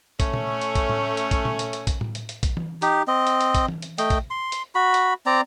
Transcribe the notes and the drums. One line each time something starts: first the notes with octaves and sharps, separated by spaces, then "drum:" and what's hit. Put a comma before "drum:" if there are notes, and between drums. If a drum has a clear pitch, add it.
A3 C#4, drum: kick A#1, hi-hat
drum: tom A#2
drum: hi-hat
drum: kick A#1, hi-hat
drum: tom A2
drum: hi-hat
drum: kick A#1, hi-hat
drum: tom A#2
drum: hi-hat
drum: hi-hat
drum: kick A#1, hi-hat
drum: tom A2
drum: hi-hat
drum: hi-hat
drum: kick A#1, hi-hat
drum: tom E3
D#4 G4, drum: hi-hat
C4 D#5
drum: hi-hat
drum: hi-hat
drum: kick A#1, hi-hat
drum: tom E3
drum: hi-hat
A3 D#5 G5, drum: hi-hat
drum: kick A#1, hi-hat
C6
drum: hi-hat
F#4 B5
drum: hi-hat
C4 D5 A#5